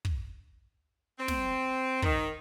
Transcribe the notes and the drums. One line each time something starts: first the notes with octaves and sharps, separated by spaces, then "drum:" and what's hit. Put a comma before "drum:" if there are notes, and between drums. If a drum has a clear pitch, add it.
drum: kick
C4
drum: snare
D#3, drum: kick